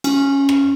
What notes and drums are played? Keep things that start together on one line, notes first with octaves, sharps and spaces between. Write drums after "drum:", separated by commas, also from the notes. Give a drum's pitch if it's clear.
C#4, drum: cymbal
drum: rim click